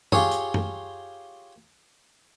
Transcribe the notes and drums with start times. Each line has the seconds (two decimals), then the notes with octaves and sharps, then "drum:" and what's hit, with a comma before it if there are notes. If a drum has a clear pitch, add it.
0.12 F4 G4 G#4 C#5, drum: tom F#2
0.31 drum: hi-hat
0.54 drum: tom F#2